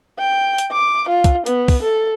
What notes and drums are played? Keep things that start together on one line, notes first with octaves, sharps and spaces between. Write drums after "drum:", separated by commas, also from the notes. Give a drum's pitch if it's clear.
G5
drum: hi-hat
D6
F4
drum: kick, hi-hat
B3, drum: hi-hat
drum: kick, open hi-hat
A4